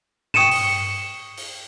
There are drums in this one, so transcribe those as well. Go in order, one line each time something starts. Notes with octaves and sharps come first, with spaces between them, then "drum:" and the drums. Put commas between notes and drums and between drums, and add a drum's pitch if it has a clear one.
G5 C#6 D#6 C#7 D#7 E7, drum: tom G2
drum: open hi-hat
drum: open hi-hat